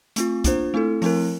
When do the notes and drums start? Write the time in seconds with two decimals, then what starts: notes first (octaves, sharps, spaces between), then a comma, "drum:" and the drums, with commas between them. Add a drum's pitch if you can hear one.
0.16 A3 C4 F4, drum: hi-hat
0.44 A#3 D4 F4 C5, drum: kick, hi-hat
0.74 A3 C4 E4 A4
1.02 F3 A3 C4 E4 A#4, drum: open hi-hat